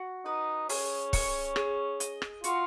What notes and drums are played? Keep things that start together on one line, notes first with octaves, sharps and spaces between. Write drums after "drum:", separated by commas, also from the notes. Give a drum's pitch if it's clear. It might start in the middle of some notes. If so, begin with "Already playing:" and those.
Already playing: F#4
D#4 B4
C#4 G#4, drum: open hi-hat
C#5, drum: kick, open hi-hat
G#4, drum: rim click
D#5, drum: hi-hat
drum: rim click
F4 F#4, drum: hi-hat